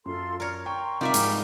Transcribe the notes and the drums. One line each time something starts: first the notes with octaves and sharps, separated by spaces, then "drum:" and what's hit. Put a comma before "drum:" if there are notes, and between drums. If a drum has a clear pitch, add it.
F#2 F4 A4 C6
A#4 C#5 D5 A#5 F6
G5 A#5 C6 C#6
C3 G3 D#4 F4 A#4 D5 E5
G#2 F3 G#5 F6, drum: hi-hat